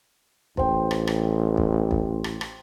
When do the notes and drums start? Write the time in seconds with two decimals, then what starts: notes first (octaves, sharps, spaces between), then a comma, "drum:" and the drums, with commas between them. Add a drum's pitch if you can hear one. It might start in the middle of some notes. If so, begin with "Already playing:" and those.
0.57 A1 C5 G5, drum: kick
0.91 drum: rim click
1.07 drum: rim click
1.57 drum: kick
1.91 drum: kick
2.24 drum: rim click
2.41 drum: rim click